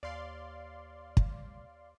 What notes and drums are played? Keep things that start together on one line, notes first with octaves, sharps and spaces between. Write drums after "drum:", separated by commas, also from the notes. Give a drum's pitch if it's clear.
D#2 D5 F5 C6
drum: kick